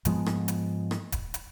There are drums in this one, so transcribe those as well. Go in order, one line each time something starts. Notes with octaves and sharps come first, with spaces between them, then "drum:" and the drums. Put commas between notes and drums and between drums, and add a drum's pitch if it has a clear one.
G#2 F3 G#3 B3, drum: hi-hat
drum: rim click
drum: hi-hat
drum: rim click
drum: kick D1, hi-hat
drum: hi-hat